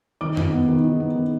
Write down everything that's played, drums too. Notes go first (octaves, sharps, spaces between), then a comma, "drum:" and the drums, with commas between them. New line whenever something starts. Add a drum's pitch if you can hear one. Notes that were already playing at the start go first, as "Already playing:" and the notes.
D#3 D6
D#3, drum: tom F2
B3
D#3
D#3
B3
D#3